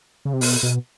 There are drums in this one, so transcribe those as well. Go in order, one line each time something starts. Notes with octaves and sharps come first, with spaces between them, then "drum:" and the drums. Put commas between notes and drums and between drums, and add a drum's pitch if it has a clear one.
C#3
C3
B2, drum: open hi-hat
B2